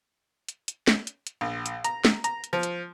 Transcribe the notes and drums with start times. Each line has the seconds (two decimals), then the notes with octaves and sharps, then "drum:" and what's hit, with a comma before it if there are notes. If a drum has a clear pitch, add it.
0.49 drum: hi-hat
0.68 drum: hi-hat
0.88 drum: snare
1.07 drum: hi-hat
1.27 drum: hi-hat
1.41 A#1
1.66 drum: hi-hat
1.84 A#5, drum: hi-hat
2.05 drum: snare
2.24 A#5, drum: hi-hat
2.44 drum: hi-hat
2.53 F3
2.63 drum: hi-hat